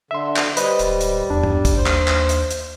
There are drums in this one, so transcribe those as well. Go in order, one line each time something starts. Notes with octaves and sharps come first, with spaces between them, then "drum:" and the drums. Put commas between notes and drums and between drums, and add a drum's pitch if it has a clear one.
D3 E5 C6
drum: clap
G3 B4 C5 D#5, drum: hi-hat
D1, drum: hi-hat
drum: hi-hat
E2 D4
drum: tom
drum: kick, hi-hat
D#2 C5
drum: clap
drum: clap
drum: hi-hat
drum: hi-hat